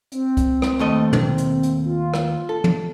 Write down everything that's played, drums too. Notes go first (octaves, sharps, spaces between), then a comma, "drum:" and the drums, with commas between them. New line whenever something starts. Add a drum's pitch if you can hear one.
C4, drum: hi-hat
drum: kick C#2, hi-hat
drum: rim click
D#2 A3 D#5
drum: tom
drum: hi-hat
drum: hi-hat
F4
drum: rim click
A4
drum: tom